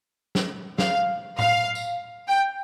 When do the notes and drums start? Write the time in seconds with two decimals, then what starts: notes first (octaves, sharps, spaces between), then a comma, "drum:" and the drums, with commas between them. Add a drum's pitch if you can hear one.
0.35 drum: snare
0.78 F5, drum: snare
1.39 F5, drum: tom A2
1.75 drum: tambourine
2.28 G5